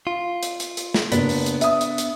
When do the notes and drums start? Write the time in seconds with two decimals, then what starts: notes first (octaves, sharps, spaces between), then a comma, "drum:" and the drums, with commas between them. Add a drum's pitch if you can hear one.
0.07 F4
0.43 drum: hi-hat
0.60 drum: hi-hat
0.77 drum: hi-hat
0.94 drum: snare
1.12 F#1 B3 D4, drum: hi-hat
1.29 drum: open hi-hat
1.46 drum: hi-hat
1.61 E5 D#6, drum: hi-hat
1.81 drum: hi-hat
1.98 drum: hi-hat